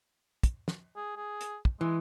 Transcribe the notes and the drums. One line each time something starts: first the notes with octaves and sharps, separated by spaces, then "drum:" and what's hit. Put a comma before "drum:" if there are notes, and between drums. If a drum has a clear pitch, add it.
drum: kick, hi-hat
drum: snare
G#4
G#4
drum: hi-hat
drum: kick
E3 G#3